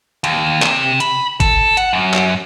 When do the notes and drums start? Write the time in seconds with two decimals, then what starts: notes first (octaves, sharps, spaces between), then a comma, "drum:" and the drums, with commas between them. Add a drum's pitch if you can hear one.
0.24 D#2, drum: hi-hat
0.62 C3, drum: clap
1.00 B5, drum: hi-hat
1.40 A4, drum: kick, hi-hat
1.77 F#5, drum: hi-hat
1.93 F#2
2.14 drum: clap